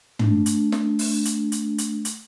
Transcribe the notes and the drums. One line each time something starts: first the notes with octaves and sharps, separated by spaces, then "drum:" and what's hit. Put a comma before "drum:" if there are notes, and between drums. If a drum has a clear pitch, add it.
A3 D4, drum: tom
drum: hi-hat
drum: snare
drum: open hi-hat
drum: hi-hat
drum: hi-hat
drum: hi-hat
drum: hi-hat